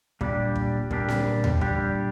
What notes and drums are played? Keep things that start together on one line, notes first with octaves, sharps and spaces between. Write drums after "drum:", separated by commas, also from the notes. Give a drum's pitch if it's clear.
A#2 G3 D4 G4, drum: kick
drum: kick
A#2 G3 D4 G4, drum: kick
drum: snare C4
drum: tom D#2
A#2 G3 D4 G4, drum: kick